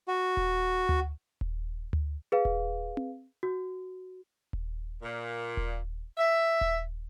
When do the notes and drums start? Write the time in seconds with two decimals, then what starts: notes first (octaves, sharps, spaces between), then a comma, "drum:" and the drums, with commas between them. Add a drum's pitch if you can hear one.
0.08 F#4
0.37 drum: kick D#1
0.89 drum: tom D2
1.41 drum: kick D#1
1.93 drum: tom D2
2.32 G#4 B4 F5
2.45 drum: kick D#1
2.97 drum: tom C4
3.43 F#4
4.53 drum: kick D#1
5.02 A#2
5.57 drum: kick D#1
6.17 E5
6.61 drum: kick D#1